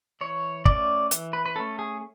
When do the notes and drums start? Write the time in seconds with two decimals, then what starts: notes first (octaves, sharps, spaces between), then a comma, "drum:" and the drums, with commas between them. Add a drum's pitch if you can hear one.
0.21 E3 C#5
0.65 A3 C#4 D5, drum: kick
1.11 E3, drum: hi-hat
1.33 B4
1.46 B4
1.56 A3 C#4 A4
1.79 G#4